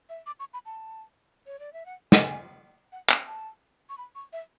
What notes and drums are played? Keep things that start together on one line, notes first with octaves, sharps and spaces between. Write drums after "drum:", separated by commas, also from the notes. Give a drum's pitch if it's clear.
E5
D6
C#6
B5
A5
C#5
D5
E5
F#5
G#5, drum: snare
F#5
G#5, drum: clap
A5
C#6
B5
C#6
E5